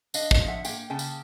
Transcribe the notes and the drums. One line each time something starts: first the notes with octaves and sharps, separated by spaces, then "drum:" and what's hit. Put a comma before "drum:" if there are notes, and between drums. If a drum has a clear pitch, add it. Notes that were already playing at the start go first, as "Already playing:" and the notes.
D4 D#5 F5, drum: tambourine
D#5 F5, drum: kick
F3
E5 F#5
A#3 F5 G5, drum: tambourine
C#3 G5 A5
drum: tambourine